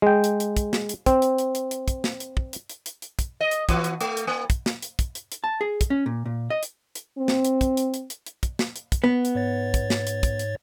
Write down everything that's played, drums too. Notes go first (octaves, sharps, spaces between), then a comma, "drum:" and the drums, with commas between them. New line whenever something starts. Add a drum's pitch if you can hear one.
G#3 G5
drum: hi-hat
drum: hi-hat
drum: kick, hi-hat
drum: snare
drum: hi-hat
C4, drum: kick, hi-hat
drum: hi-hat
drum: hi-hat
drum: hi-hat
drum: hi-hat
drum: kick, hi-hat
drum: snare
drum: hi-hat
drum: kick
drum: hi-hat
drum: hi-hat
drum: hi-hat
drum: hi-hat
drum: kick, hi-hat
D#5
drum: hi-hat
E3 B3 F#4, drum: kick, hi-hat
drum: hi-hat
A3, drum: hi-hat
drum: hi-hat
A#3
drum: kick, hi-hat
drum: snare
drum: hi-hat
drum: kick, hi-hat
drum: hi-hat
drum: hi-hat
A5
G#4
drum: kick, hi-hat
C#4
A#2
A#2
D#5
drum: hi-hat
drum: hi-hat
C4
drum: snare
drum: hi-hat
drum: kick, hi-hat
drum: hi-hat
drum: hi-hat
drum: hi-hat
drum: hi-hat
drum: kick, hi-hat
drum: snare
drum: hi-hat
drum: kick, hi-hat
B3
drum: hi-hat
G#2 C#5 A6
drum: kick, hi-hat
drum: snare
drum: hi-hat
drum: kick, hi-hat
drum: hi-hat